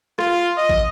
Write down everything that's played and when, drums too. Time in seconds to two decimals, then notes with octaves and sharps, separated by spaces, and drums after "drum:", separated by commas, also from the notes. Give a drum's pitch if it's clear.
0.19 F4, drum: rim click
0.57 D#5
0.69 drum: kick